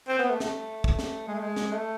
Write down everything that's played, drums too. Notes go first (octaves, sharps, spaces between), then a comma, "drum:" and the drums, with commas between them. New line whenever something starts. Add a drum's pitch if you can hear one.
C4
B3
A3
A3, drum: snare
drum: kick
drum: snare
G#3
A3
G#3
drum: snare
A3